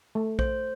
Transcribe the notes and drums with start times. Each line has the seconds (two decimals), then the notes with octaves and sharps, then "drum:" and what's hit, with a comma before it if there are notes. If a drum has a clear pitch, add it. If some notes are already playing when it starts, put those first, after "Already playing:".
0.15 A3
0.39 C5, drum: kick A#1